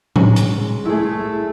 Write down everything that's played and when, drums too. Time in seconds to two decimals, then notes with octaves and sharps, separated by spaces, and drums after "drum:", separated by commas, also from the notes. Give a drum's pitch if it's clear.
0.16 G#3 C#4, drum: tom A2
0.36 drum: hi-hat
0.85 A3 E4 G#4